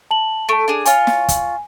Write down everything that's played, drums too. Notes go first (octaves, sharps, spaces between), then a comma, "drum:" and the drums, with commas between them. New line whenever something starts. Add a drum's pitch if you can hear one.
A5 F#7
A3 A5 D7
D4 G#4
F4 C#5 G#5, drum: hi-hat
drum: snare
drum: kick, hi-hat